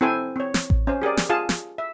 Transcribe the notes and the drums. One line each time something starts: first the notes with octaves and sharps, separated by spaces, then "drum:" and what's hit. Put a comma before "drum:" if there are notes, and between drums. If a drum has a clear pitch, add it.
C4 E4 A4 C5 G5 G#5
C4 C#5
drum: snare
drum: kick A1
C#4 C5
G4 G#4 A#4 D5
drum: snare
F4 G#4 F5 A5
drum: snare
E5